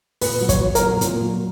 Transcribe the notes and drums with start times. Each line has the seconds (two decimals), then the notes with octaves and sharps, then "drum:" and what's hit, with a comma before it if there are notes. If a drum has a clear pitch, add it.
0.21 A#2 B4, drum: open hi-hat
0.41 F#3
0.49 C#5, drum: kick, hi-hat
0.61 F#3
0.75 A#4, drum: hi-hat
0.81 A#2
1.01 A#2, drum: hi-hat
1.21 F#3